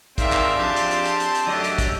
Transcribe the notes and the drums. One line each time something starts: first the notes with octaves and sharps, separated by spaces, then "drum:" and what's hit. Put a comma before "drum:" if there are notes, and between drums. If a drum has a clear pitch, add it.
A2 D#3 C4 G#4 A#4 D5 E5 F5, drum: kick, hi-hat
drum: clap
F2 D4 G4 A5
drum: hi-hat
drum: hi-hat
drum: hi-hat
drum: hi-hat
drum: hi-hat
F#2 D3 F#3 A3 D4 G4 D5 D#5
drum: hi-hat
drum: kick, hi-hat